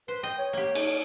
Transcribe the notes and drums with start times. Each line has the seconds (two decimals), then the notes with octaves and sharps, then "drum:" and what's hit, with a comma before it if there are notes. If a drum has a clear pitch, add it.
0.08 B4 C5
0.23 D#5 G5
0.38 C#5
0.53 A#3 G4
0.75 drum: cymbal